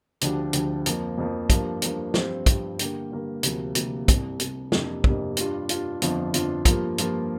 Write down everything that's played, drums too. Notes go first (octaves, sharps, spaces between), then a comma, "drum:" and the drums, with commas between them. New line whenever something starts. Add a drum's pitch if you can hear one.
D2 D3 F3 D4 G4, drum: hi-hat
D2 D3 F3 D4 G4, drum: hi-hat
F2 F3 A#3, drum: hi-hat
F2 F3 A#3
G2 F3 A#3 D4, drum: kick, hi-hat
G2 F3 A#3 D4, drum: hi-hat
G2 F3 C4, drum: snare
G2 F3 C4, drum: kick, hi-hat
G2 D3 A#3 G4, drum: hi-hat
G2 D3 A#3 G4
D2 C3 F3 A#3, drum: hi-hat
D2 C3 F3 A#3, drum: hi-hat
C2 C3 G3, drum: kick, hi-hat
C2 C3 G3, drum: hi-hat
F2 C3 A#3 D4, drum: snare
F2 C3 A#3 D4, drum: kick
G2 G3 D4 F4, drum: hi-hat
G2 G3 D4 F4, drum: hi-hat
G1 F2 F3 D4 F4, drum: hi-hat
G1 F2 F3 D4 F4, drum: hi-hat
G2 F3 A#3 F4, drum: kick, hi-hat
G2 F3 A#3 F4, drum: hi-hat